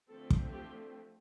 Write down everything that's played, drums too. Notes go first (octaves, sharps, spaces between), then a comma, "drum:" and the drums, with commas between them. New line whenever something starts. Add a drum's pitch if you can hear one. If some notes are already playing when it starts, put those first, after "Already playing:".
D3 F3 A3 C4 A4
drum: kick
G4